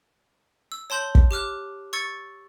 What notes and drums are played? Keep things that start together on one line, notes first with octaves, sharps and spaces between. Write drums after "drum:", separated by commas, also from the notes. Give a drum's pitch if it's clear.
E6
C#5 A5 C6 G6 F#7 G7
drum: kick
G4 D6 F6 F#6
C#6 E6 G#6 A6 C#7